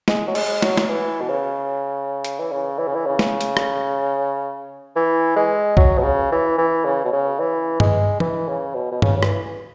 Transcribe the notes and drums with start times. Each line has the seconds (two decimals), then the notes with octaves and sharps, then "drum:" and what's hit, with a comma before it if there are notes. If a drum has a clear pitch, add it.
0.08 G#3, drum: snare
0.27 F#3
0.35 G#3, drum: cymbal
0.62 F#3, drum: snare
0.77 F#3, drum: snare
0.89 E3
1.21 B2
1.29 C#3
2.25 drum: hi-hat
2.40 E3
2.52 C#3
2.79 E3
2.87 C#3
2.95 E3
3.06 C#3
3.19 drum: snare
3.41 drum: hi-hat
3.57 drum: rim click
4.96 E3
5.36 G#3
5.77 F#3, drum: kick B1
5.99 B2
6.04 C#3
6.32 E3
6.58 E3
6.85 C#3
7.05 B2
7.13 C#3
7.40 E3
7.80 G#3, drum: tom G2
8.20 E3, drum: tom
8.48 C#3
8.75 B2
8.92 B2
9.02 C#3, drum: tom G2
9.17 C#3
9.23 E3, drum: rim click